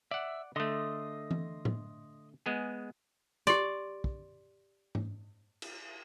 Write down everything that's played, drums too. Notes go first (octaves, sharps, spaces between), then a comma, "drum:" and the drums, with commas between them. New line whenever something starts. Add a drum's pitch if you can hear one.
D5 E5 F#5
D3 A3 D#5 C6 D#6
drum: tom E3
drum: tom A2
G#3 B3 G#4
G4 D5 C6, drum: hi-hat
drum: kick
drum: tom G#2
drum: cymbal